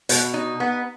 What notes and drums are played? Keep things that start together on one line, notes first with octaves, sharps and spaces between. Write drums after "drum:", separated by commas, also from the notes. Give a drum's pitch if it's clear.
B2, drum: hi-hat
D#4
B3